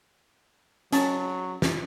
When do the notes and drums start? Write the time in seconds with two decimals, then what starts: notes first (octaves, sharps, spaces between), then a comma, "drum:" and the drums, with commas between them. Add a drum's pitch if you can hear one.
0.93 F#3 C#4 A5, drum: hi-hat
1.62 drum: snare